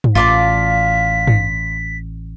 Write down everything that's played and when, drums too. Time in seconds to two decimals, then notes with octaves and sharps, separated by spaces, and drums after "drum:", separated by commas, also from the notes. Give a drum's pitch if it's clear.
0.04 drum: tom G2
0.15 A1 F4 D5 F5 A5 B6
1.27 drum: tom G2